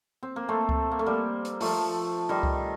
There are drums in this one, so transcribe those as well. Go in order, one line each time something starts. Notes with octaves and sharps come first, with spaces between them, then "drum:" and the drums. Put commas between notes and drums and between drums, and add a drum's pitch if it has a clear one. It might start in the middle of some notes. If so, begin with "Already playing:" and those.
C4
A#3
A3 C4
drum: kick C#2
A#3
A3
G3 A#3
drum: hi-hat
F3 A3, drum: open hi-hat
D#3 G3
drum: kick C#2